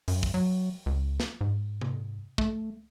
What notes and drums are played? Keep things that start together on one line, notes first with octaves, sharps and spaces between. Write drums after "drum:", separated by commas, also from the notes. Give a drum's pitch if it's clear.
F#2, drum: open hi-hat
drum: kick
F#3
C#2
drum: snare
G#2
drum: tom C3
A3, drum: kick